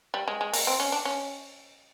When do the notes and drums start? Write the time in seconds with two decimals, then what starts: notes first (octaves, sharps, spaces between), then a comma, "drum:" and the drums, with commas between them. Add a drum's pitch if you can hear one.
0.14 G3
0.28 G#3
0.41 G#3
0.53 A#3, drum: open hi-hat
0.67 C4
0.80 C#4
0.92 D4
1.05 C#4